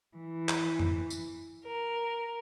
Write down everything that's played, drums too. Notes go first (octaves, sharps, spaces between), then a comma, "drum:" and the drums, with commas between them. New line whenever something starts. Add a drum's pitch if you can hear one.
E3
drum: clap
drum: tom F2
drum: tambourine
A#4